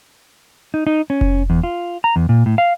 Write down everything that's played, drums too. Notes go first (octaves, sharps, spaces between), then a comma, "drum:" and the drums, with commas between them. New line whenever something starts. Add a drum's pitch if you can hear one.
D#4
D#4
C#4
drum: kick F1
E2
F4
A#5
E2
A#2
A2
F5